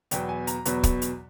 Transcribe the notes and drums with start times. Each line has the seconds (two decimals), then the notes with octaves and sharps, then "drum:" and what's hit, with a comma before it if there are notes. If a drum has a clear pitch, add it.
0.11 E2 B2 F#3 B3 G5, drum: hi-hat
0.29 G#5
0.47 A#5, drum: hi-hat
0.65 E2 B2 F#3 B3 A#5, drum: hi-hat
0.83 drum: kick, hi-hat
1.02 drum: hi-hat